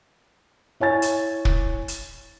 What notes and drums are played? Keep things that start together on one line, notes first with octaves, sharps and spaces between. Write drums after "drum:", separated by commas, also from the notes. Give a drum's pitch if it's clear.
E4 C#5 G#5 A6
drum: hi-hat
drum: kick
drum: hi-hat